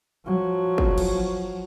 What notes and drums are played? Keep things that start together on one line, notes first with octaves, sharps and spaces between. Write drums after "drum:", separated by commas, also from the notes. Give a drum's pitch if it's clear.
F3 F#3
drum: kick
drum: cymbal